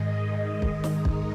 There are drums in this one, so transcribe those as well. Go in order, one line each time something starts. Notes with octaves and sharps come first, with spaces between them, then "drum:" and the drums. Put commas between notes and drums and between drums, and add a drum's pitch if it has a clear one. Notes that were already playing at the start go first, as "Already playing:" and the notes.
Already playing: G#2 D#3 G#3 D#5
D#4, drum: kick
drum: snare
drum: kick